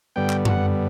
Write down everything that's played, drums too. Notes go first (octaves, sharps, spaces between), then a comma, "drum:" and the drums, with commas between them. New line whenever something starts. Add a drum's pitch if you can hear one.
G2 D3 G3 B3 G5
drum: clap
F#5, drum: tom F#2